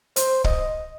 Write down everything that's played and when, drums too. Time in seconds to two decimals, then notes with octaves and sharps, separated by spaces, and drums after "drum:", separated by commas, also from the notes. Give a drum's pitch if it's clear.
0.16 C5, drum: hi-hat
0.44 D#5, drum: kick